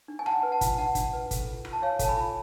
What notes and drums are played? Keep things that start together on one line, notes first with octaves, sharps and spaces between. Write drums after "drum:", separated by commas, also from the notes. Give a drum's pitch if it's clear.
D4
G#5
D4 F#5 A5, drum: rim click
B4
F#5 A5
F4, drum: kick, hi-hat
D4 F#5 A5
D4, drum: kick, hi-hat
B4
A4, drum: kick, hi-hat
F4
F4, drum: rim click
A5
C#5 F5 G#5
A4 A5, drum: kick, hi-hat
G#5 B5
F4